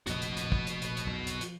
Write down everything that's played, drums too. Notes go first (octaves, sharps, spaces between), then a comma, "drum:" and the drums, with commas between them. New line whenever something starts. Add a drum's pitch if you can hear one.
F1 A#1 F2 F#4 D#5, drum: hi-hat
drum: hi-hat
drum: hi-hat
drum: kick
drum: hi-hat
drum: hi-hat
drum: hi-hat
F1 B1 E2
drum: hi-hat
F3, drum: hi-hat